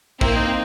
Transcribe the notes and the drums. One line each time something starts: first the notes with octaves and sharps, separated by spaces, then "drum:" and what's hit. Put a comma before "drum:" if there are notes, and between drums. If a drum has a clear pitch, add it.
A#3 C4 E4, drum: kick
D#4